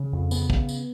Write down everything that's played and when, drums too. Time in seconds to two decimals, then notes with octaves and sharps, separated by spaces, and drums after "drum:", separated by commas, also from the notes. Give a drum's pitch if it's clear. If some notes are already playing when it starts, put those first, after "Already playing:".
Already playing: C#3 C#4
0.12 F2
0.31 C#3 B3, drum: tambourine
0.50 C#3, drum: kick
0.69 drum: tambourine